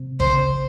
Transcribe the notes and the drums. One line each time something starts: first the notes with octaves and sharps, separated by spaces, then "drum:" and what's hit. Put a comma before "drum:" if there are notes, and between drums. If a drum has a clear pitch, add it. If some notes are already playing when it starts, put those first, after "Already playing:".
Already playing: C3
C#3 C5, drum: kick